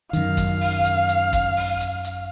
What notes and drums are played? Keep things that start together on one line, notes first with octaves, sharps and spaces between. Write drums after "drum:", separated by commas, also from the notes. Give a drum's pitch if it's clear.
F#2 D#3 F5, drum: hi-hat
drum: kick, hi-hat
drum: open hi-hat
drum: hi-hat
drum: hi-hat
drum: kick, hi-hat
drum: open hi-hat
drum: hi-hat
drum: hi-hat